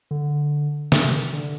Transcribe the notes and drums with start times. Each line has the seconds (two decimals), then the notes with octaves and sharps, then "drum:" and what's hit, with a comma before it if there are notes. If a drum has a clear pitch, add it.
0.11 D3
0.92 C3, drum: snare
1.33 D3